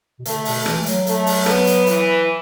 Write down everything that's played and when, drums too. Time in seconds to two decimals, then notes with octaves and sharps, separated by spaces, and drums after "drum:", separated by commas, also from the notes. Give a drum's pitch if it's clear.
0.19 B2
0.25 D3 A3, drum: hi-hat
0.45 B2, drum: open hi-hat
0.66 E3, drum: rim click
0.79 A3
0.86 F#3, drum: hi-hat
1.07 A3, drum: hi-hat
1.26 drum: open hi-hat
1.46 B3, drum: rim click
1.67 drum: hi-hat
1.87 E3, drum: hi-hat